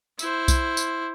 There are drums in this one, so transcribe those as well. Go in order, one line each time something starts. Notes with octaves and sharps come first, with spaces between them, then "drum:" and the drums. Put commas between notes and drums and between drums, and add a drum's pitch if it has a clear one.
E4 C5, drum: tambourine
drum: kick B1, tambourine
drum: tambourine